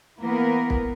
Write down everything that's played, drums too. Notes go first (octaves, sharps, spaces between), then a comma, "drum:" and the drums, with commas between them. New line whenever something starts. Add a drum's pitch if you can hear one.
E3 A#3 B3 A#4
drum: kick